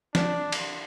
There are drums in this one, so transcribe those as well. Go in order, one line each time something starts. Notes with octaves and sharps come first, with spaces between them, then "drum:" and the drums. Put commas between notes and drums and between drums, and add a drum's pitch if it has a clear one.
D4, drum: snare
drum: cymbal